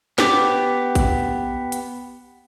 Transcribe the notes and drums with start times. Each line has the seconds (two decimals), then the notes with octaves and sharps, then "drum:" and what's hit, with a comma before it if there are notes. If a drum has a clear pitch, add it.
0.18 B3 G4 D6, drum: snare
0.95 drum: kick A1, hi-hat
1.72 drum: hi-hat